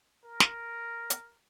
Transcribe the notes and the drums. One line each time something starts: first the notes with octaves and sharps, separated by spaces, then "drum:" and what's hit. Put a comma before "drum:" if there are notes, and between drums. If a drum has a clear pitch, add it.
A#4
drum: snare
drum: hi-hat